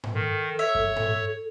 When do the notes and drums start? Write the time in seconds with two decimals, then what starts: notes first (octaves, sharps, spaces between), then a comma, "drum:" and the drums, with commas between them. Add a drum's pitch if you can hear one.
0.04 drum: tom G#2
0.14 D#3 A4
0.59 C#5 E5
0.75 drum: kick F#2
0.96 drum: tom G#2